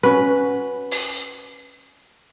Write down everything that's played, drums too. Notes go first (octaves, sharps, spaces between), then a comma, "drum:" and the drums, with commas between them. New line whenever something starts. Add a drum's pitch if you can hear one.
C#4 F#4 B4
drum: open hi-hat